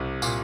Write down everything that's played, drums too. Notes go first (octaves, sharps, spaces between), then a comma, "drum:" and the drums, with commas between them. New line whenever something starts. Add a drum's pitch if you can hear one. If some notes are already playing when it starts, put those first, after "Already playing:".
Already playing: C2 C3
A#2, drum: tambourine